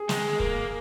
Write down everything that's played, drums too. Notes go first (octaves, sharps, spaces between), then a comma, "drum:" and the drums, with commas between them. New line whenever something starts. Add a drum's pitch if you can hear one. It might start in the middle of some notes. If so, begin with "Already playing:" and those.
Already playing: G#4
G#3, drum: snare
A#3, drum: kick